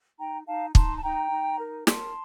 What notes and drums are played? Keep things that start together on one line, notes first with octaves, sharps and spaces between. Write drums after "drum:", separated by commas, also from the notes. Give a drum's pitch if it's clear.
D#4 G5 A#5
D#4 F5 A5
D#4 A5 C6, drum: kick
A5
D#4 G5 A#5
D#4
A#4
A#4 A5 C6, drum: snare